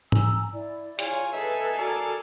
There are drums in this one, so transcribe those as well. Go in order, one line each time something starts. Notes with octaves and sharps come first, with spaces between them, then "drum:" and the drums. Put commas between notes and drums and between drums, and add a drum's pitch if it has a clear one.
G#5 A#5 E6, drum: tom G#2
E4 D5
F4 G#4 C#5, drum: hi-hat
D#4 G#4 A4 B4 E5
F#4 A#4 D5 A5